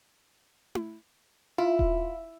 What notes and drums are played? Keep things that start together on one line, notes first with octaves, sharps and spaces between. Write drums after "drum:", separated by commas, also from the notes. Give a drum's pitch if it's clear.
drum: tom E4
E4 F4
drum: kick D#1